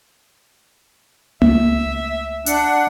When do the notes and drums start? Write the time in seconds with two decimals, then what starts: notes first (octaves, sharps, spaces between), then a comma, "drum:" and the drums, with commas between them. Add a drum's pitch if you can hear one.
1.42 C#2 A3 E5, drum: tom A#3
2.46 D4 F#5, drum: hi-hat